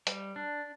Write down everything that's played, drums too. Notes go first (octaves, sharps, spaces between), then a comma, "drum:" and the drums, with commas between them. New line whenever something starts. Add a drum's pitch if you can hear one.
G3, drum: hi-hat
D4